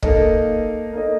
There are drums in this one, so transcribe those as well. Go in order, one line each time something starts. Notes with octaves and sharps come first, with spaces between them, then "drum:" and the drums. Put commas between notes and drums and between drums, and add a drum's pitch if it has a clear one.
A#3 D#4 A4 D#5, drum: kick
A#3 D#4 A4 D#5